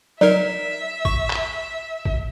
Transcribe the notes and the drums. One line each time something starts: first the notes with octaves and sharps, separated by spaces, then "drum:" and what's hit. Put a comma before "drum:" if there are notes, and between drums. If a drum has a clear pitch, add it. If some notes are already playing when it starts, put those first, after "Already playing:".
F#3 D#4 A#4 D5 E5
C#6, drum: kick
drum: clap
drum: kick